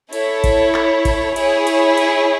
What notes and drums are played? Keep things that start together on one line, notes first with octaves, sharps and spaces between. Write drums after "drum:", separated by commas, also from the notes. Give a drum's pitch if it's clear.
E4 A4 C#5, drum: cymbal
drum: kick G#1, cymbal
drum: clap
drum: kick G#1, cymbal
E4 G#4 C#5, drum: cymbal
drum: cymbal
drum: cymbal